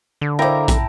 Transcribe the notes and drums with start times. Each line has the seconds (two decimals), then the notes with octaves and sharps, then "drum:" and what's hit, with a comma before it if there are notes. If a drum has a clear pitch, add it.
0.21 D3
0.39 E4 A#4 C5 D#5 F5 G5 A#5 D6
0.68 A5, drum: kick, hi-hat